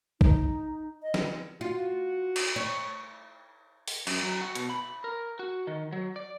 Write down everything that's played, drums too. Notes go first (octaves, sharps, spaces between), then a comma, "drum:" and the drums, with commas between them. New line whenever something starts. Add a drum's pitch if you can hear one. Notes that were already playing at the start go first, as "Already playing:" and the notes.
D#4, drum: kick
D#5
drum: snare
F4 F#4
drum: cymbal
C#5
drum: open hi-hat
F#2, drum: cymbal
F#3
F#4
B2, drum: hi-hat
B5
A#4
F#4
D#3
F#3
D5